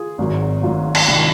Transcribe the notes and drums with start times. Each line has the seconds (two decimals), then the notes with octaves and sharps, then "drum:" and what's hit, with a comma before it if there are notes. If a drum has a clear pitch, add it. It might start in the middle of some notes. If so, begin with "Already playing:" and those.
Already playing: F4 G#4
0.18 G#1 G#2 F#3
0.63 G#1 G#2 F#3 F4
0.95 drum: cymbal
1.08 C2 C3 D#3